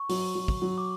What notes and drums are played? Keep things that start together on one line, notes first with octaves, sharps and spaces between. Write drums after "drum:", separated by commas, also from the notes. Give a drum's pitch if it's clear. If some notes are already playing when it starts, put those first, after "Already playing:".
Already playing: C#6
F#3, drum: open hi-hat
F#3
drum: kick
F#3
D6